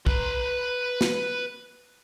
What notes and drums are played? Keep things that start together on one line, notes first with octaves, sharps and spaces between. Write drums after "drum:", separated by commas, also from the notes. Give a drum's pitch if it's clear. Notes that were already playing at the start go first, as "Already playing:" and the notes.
B4 C6, drum: kick
drum: snare